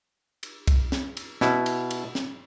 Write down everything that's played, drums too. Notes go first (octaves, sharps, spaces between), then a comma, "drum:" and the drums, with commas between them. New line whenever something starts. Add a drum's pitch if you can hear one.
drum: cymbal
drum: kick C2, cymbal
drum: snare
drum: cymbal
B2 E4, drum: snare
drum: cymbal
drum: cymbal
drum: snare